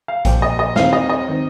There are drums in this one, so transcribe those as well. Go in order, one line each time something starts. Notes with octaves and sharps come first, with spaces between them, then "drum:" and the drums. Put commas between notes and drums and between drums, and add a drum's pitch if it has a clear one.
F5
A#2 F3 A#3 G5, drum: kick A#1, hi-hat
D#5
D#5
D#2 D#3 C4 F5, drum: snare
D#5
D#5
D#3 C4